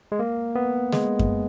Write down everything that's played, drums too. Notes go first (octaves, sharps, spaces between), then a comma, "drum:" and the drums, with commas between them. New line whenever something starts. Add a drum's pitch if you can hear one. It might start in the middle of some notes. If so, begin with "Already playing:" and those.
G#3
A#3
B3
G#3, drum: snare
drum: kick F#2